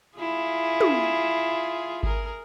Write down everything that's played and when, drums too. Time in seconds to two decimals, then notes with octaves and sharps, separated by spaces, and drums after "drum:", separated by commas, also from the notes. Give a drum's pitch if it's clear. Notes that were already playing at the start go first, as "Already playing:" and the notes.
0.18 E4 F4 G#4
0.81 drum: tom
2.03 G#4 A#4, drum: kick G#1